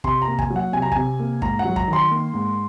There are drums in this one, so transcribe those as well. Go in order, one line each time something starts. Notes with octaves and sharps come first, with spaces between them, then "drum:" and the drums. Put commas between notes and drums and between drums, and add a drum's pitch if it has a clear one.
C3 C6, drum: kick
A#5
A#3
G#5, drum: kick
F#3
F#5
C3 G#5
A#5
C3 G#5, drum: kick
A#3
G#2 A#5, drum: kick
F#5
F#3
A#5, drum: kick
D#3
C6
A#3
G#2